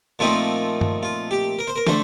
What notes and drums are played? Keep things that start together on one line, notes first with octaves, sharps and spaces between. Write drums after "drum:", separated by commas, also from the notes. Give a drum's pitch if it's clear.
A#2 F3 A3 C4 D#4 F4
drum: tom G2
F4
G4
A#4
C5
A#4
D3 A3 C5, drum: snare